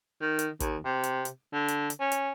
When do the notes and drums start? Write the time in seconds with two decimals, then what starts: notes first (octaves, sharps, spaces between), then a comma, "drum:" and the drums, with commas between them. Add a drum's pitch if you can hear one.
0.22 D#3
0.39 drum: hi-hat
0.60 D#2, drum: kick, hi-hat
0.85 C3
1.04 drum: hi-hat
1.25 drum: hi-hat
1.53 D3
1.68 drum: hi-hat
1.90 drum: hi-hat
2.00 C#4
2.12 drum: hi-hat